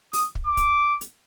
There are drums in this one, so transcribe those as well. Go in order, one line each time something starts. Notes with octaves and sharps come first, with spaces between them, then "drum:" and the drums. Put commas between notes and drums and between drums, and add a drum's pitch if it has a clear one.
D#6, drum: open hi-hat
drum: kick
D6
drum: kick, hi-hat
drum: hi-hat